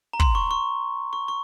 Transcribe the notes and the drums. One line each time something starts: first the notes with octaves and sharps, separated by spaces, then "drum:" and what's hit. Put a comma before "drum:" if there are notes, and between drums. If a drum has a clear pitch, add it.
A#5
C6, drum: kick
C#6
C#6
C#6
C#6